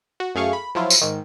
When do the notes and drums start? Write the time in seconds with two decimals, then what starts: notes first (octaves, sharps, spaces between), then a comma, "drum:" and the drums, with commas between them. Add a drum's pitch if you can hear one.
0.20 F#4
0.35 F#2 A3 G#4 F5 C#6
0.53 B5
0.75 F3 F#3 E4 F4
0.90 drum: tambourine
1.01 G#2 D#3